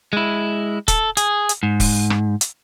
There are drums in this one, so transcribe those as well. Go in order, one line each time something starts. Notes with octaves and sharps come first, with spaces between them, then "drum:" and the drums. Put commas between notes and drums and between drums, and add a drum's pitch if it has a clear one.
G#3 E4
A4, drum: kick, hi-hat
G#4, drum: hi-hat
drum: hi-hat
G#2
drum: kick, open hi-hat
drum: rim click
drum: hi-hat